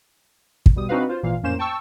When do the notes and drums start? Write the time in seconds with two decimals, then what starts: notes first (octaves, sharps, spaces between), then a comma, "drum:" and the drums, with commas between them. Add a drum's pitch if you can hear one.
0.66 drum: kick
0.76 B2 G3 D#6
0.89 C4 D4 D#4 F#4 B4 F5
1.09 F4 C5
1.23 G#1 A#2 E3 F5
1.43 F2 A2 A#3 C#4 C5 E7
1.59 G5 A5 C#6 E6